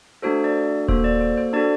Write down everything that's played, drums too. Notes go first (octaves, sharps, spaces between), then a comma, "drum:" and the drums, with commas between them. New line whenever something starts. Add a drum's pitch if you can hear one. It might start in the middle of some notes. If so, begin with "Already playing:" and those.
A3 D4 F#4 A4 C5
D5
A#3 F#4 A4 C5, drum: kick D#1
D5
C5
C5
D4 F#4 A4 D5